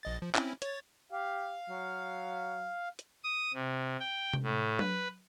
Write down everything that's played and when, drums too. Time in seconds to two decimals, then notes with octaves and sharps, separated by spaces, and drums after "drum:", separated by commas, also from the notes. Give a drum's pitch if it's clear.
0.03 A#1 D#5 A6
0.22 F3
0.35 C4 C#4 E4, drum: clap
0.62 C#5 A6, drum: hi-hat
1.12 G4 F5
1.70 F#3
2.99 drum: hi-hat
3.24 D#6
3.54 C3
4.00 G5
4.33 drum: tom C3
4.43 A2
4.79 B4, drum: tom F#3